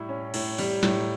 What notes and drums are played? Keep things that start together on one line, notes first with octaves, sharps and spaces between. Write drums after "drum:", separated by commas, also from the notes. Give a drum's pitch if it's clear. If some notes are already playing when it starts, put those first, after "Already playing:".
Already playing: A2 G3 E4
C#4
A2, drum: cymbal
G3, drum: open hi-hat
A2, drum: snare